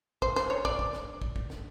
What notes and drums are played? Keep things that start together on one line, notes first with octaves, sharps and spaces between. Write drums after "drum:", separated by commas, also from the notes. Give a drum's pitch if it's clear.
C5, drum: kick
C5, drum: snare
C#5
D5, drum: kick
drum: kick
drum: snare
drum: kick
drum: kick
drum: snare